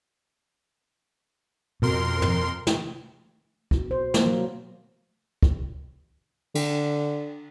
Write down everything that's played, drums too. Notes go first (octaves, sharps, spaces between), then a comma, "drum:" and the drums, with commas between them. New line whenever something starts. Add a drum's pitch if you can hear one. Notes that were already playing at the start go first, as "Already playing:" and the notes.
F2 B2 A#4 C6
drum: tom
drum: snare
B2, drum: kick
C5
A#3, drum: snare
F#3
drum: kick
D3, drum: cymbal